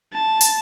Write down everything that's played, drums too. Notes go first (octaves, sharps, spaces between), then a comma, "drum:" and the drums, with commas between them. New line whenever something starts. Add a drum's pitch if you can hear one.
A5
drum: hi-hat